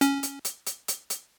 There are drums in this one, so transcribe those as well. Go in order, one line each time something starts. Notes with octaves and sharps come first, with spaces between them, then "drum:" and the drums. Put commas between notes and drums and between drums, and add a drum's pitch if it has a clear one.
C#4, drum: hi-hat
drum: hi-hat
drum: hi-hat
drum: hi-hat
drum: hi-hat
drum: hi-hat